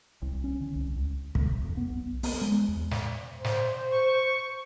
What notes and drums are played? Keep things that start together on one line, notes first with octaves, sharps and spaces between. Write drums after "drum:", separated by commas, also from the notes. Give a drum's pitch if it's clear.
C2
C#4
D3
C2
C#2
C3, drum: kick
F2
B3
B1
B3, drum: open hi-hat
G#3
E2
drum: snare
C5
drum: snare
C#6